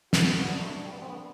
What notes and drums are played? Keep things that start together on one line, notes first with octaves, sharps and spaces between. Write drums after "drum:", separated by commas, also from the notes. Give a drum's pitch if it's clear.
E3 F#4, drum: snare
B3
B3 D4
A3
G3
B3
C4
B3